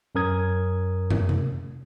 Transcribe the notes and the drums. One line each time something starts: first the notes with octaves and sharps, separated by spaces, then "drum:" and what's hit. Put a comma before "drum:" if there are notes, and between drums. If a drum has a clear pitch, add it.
F#2 C#4 A#4 D#6 G#6
drum: tom
drum: tom C3